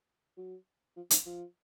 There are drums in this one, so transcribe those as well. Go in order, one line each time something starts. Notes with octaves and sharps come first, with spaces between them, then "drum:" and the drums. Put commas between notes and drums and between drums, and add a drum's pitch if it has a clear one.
F#3
F3
D#3, drum: hi-hat
F3